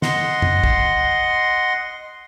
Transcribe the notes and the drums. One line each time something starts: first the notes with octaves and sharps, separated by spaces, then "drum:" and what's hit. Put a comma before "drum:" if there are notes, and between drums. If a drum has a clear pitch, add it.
D#5 F#5 C6, drum: snare
drum: tom F2
drum: kick